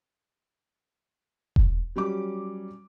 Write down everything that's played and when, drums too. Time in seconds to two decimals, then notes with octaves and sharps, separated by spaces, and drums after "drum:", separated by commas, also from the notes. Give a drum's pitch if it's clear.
1.56 drum: kick E1
1.96 F#3 G3 C#4 D6